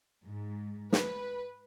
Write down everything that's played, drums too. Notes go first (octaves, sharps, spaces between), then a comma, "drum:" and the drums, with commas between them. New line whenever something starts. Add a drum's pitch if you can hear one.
G#2
B4, drum: snare